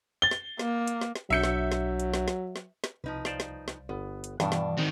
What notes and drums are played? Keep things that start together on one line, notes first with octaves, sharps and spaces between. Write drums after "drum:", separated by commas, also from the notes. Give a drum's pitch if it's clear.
A6 G7
drum: snare
A#3, drum: snare
drum: hi-hat
drum: snare
drum: snare
B1 F#3 D4 E5 G6 C#7
drum: snare
drum: snare
drum: hi-hat
drum: snare
drum: snare
drum: snare
drum: snare
C2 F3 D#4 B4
C5 D5 F5, drum: snare
drum: snare
drum: snare
G1 B3
drum: hi-hat
G2 B2 E3 D4 F#5, drum: snare
drum: snare
D#3 C4 F#4